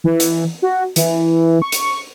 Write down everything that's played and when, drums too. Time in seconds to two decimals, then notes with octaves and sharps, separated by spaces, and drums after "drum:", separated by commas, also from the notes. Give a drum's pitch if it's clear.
0.04 E3
0.20 drum: hi-hat
0.62 F#4
0.96 E3, drum: hi-hat
1.62 C#6
1.72 drum: hi-hat